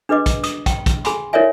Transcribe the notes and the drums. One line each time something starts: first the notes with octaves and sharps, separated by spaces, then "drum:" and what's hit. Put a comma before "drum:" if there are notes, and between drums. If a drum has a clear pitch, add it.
D4 G#4 B4 D#5 D6
drum: kick, hi-hat
D#6, drum: hi-hat
G5, drum: kick, hi-hat
drum: kick, hi-hat
G#4 G#5 B5 C6, drum: hi-hat
E4 A#4 C#5 D5 E5 G#5